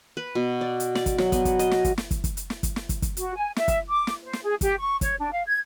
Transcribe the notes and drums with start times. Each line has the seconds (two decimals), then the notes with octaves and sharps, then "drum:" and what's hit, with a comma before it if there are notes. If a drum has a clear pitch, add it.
0.17 B4
0.35 B2
0.61 D5
0.80 drum: hi-hat
0.95 D5, drum: snare
1.06 drum: kick, hi-hat
1.18 F#3, drum: snare
1.32 B3, drum: kick, hi-hat
1.45 drum: kick, hi-hat
1.59 D#5, drum: hi-hat
1.71 drum: snare
1.84 drum: kick, hi-hat
1.98 drum: snare
2.11 drum: kick, hi-hat
2.24 drum: kick, hi-hat
2.37 drum: hi-hat
2.50 drum: snare
2.63 drum: kick, hi-hat
2.76 drum: snare
2.89 drum: kick, hi-hat
3.02 drum: kick, hi-hat
3.17 F#4, drum: hi-hat
3.36 G#5
3.56 E5, drum: snare
3.68 drum: kick, hi-hat
3.88 D6
4.07 drum: snare
4.23 C5
4.33 drum: snare
4.43 G#4
4.61 G4, drum: kick, hi-hat
4.78 C#6
5.01 C#5, drum: kick, hi-hat
5.19 D4
5.31 F5
5.46 G#6